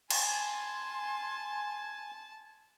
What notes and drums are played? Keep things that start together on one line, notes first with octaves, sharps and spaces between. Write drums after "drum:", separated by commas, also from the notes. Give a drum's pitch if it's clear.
G#5 A5 C6, drum: cymbal